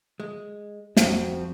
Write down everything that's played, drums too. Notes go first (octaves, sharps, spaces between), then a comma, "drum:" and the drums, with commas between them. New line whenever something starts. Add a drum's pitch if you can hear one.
G#3
F2 F3 C4 F#4, drum: snare